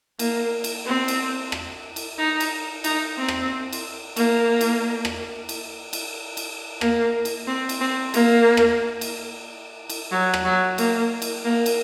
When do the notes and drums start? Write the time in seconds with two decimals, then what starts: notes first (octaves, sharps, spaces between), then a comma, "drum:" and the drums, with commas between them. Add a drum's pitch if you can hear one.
0.19 A#3, drum: cymbal
0.64 drum: cymbal
0.86 C4
1.08 drum: cymbal
1.52 drum: rim click
1.96 drum: cymbal
2.19 D#4
2.40 drum: cymbal
2.84 D#4, drum: cymbal
3.18 C4
3.28 drum: rim click
3.73 drum: cymbal
4.16 A#3, drum: cymbal
4.61 drum: cymbal
5.05 drum: rim click
5.49 drum: cymbal
5.93 drum: cymbal
6.37 drum: cymbal
6.81 A#3, drum: rim click
7.25 drum: cymbal
7.47 C4
7.69 drum: cymbal
7.81 C4
8.14 A#3, drum: cymbal
8.57 drum: rim click
9.01 drum: cymbal
9.90 drum: cymbal
10.12 F#3
10.34 drum: rim click
10.45 F#3
10.78 A#3, drum: cymbal
11.22 drum: cymbal
11.44 A#3
11.66 drum: cymbal